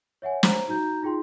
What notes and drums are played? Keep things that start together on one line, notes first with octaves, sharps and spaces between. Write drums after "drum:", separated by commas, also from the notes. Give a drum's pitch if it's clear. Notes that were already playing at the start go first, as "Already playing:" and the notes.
C#5 E5 F#5 G#5
C5 A#5, drum: snare
D#4 F#4 A#5 G6
D#4 F4 G#4 G5 C6